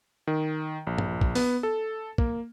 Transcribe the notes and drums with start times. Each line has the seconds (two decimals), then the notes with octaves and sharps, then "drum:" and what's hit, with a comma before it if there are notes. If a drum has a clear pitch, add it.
0.27 D#3
0.87 A#1
0.98 drum: tom G2
1.21 drum: kick
1.35 B3, drum: open hi-hat
1.63 A4
2.18 A#3, drum: kick